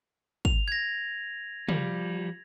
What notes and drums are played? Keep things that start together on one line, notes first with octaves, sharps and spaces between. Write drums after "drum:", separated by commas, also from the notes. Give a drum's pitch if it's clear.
F7, drum: kick
G#6 A#6
F3 G3, drum: tom